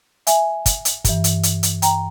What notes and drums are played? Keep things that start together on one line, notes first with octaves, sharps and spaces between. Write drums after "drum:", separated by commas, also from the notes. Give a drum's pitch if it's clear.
E5 G#5, drum: hi-hat
drum: kick, hi-hat
drum: hi-hat
G2 E3, drum: kick, hi-hat
drum: hi-hat
drum: hi-hat
drum: hi-hat
G5 A#5, drum: hi-hat